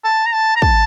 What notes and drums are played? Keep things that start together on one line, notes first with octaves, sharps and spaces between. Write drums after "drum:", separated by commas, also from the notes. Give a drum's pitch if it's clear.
A5
A#5
A5
A#5
A5, drum: kick